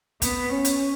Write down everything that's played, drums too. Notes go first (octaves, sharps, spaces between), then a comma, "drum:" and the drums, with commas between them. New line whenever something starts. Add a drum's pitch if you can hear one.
B3, drum: kick, hi-hat
C#4
drum: hi-hat